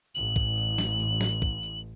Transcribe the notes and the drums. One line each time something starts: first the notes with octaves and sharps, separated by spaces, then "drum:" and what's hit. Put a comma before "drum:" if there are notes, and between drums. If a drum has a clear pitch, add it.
A1 F#7, drum: tambourine
drum: kick, tambourine
drum: tambourine
drum: snare
drum: tambourine
drum: snare
drum: kick, tambourine
drum: tambourine